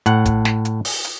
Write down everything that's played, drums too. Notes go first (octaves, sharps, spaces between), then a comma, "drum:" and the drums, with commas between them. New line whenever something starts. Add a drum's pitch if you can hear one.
A2 F#5, drum: hi-hat
drum: kick, hi-hat
drum: snare
drum: hi-hat
drum: open hi-hat
drum: hi-hat